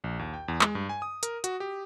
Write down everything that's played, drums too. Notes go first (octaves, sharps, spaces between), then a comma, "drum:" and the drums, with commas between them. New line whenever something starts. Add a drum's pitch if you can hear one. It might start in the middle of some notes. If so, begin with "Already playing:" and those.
A#1
D#2
G5
E2
G#3, drum: clap
G2
G#5
D#6
A#4, drum: hi-hat
F#4, drum: hi-hat
G4